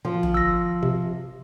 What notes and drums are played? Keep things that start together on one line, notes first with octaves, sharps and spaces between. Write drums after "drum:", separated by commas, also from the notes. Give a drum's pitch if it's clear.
F3
drum: tom
E6 A#6
C3